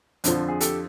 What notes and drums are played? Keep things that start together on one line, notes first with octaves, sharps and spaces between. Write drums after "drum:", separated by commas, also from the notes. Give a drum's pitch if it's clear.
F2 D3 F3, drum: hi-hat
G#4
G4 A4, drum: hi-hat